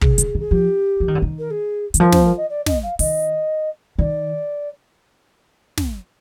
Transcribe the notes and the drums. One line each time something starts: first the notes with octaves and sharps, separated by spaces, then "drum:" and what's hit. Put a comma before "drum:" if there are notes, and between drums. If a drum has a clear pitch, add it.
C3 G#4, drum: kick
D3, drum: hi-hat
D#3
G#4
F3 G4
F3
D#3
D3
D#3
A#4
G#4
D#3, drum: hi-hat
F3 A#4
C5, drum: snare
A#4
D#5
D5
D#5, drum: snare
F5
D#3 D#5, drum: open hi-hat
D#3 D5
drum: snare